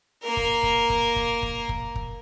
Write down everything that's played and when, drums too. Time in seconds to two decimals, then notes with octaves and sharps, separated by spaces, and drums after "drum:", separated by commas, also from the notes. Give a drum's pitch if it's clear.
0.24 A#3 A#4
0.37 drum: kick
0.63 drum: kick
0.90 drum: kick
1.16 drum: kick
1.43 drum: kick
1.69 drum: kick
1.96 drum: kick